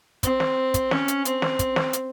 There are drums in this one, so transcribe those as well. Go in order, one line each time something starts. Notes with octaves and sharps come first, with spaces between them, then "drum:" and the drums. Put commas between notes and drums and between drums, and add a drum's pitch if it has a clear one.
C4, drum: kick, hi-hat
drum: snare
drum: kick, hi-hat
C#4, drum: snare
drum: hi-hat
C4, drum: hi-hat
drum: snare
drum: kick, hi-hat
drum: snare
drum: hi-hat